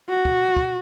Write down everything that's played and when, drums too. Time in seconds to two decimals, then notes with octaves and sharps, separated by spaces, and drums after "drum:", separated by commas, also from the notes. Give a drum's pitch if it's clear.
0.10 F#4
0.25 drum: kick
0.57 drum: kick